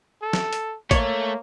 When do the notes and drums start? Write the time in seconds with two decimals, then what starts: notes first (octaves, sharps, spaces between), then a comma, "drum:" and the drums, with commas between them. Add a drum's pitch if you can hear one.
0.22 A4
0.33 drum: snare
0.53 drum: hi-hat
0.91 A3 A#3 C#5, drum: kick A1, hi-hat